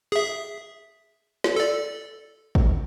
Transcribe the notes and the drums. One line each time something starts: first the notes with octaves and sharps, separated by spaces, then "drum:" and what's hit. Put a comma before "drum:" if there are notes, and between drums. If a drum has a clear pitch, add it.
G#4 E5
drum: snare
A4 D5
drum: kick